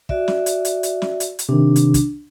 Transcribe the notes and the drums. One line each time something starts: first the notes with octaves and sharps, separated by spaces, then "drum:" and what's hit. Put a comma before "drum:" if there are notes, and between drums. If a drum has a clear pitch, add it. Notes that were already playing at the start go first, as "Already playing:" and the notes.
F#4 D5 E5, drum: kick
drum: snare
drum: hi-hat
drum: hi-hat
drum: hi-hat
drum: snare
drum: hi-hat
drum: hi-hat
C3 D#3 D4
drum: hi-hat
drum: kick, hi-hat